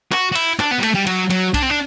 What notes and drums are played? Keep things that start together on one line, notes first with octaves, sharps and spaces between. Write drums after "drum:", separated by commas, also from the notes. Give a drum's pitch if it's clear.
F#4, drum: clap
F#4
E4, drum: cymbal
D4, drum: clap
B3
G3
A3, drum: cymbal
G3
F#3, drum: cymbal
F#3, drum: cymbal
D4, drum: kick B1, cymbal
C4
D4